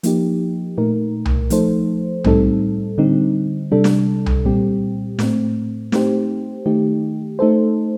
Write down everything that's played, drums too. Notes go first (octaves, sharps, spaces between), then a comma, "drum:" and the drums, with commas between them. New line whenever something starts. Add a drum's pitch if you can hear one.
F3 A#3 D#4 G4, drum: hi-hat
A#2 A3 D#4 A#4
drum: tom C2
F3 A3 D#4 A4 C5, drum: hi-hat
A2 G3 C4 D#4 A4, drum: tom C2
D3 G3 C4 D#4
C3 G3 D4 A4
drum: snare
drum: tom C2
A#2 G3 C4 G4
A2 A3 C4, drum: snare
A3 C4 D#4 G4 C5, drum: snare
D#3 A3 D#4 G4
A3 D#4 A4 C5